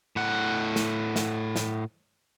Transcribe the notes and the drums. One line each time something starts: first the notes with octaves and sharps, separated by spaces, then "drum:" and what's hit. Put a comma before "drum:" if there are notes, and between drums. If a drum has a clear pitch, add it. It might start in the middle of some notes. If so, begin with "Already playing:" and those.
A2 F#5
drum: snare
drum: snare
drum: snare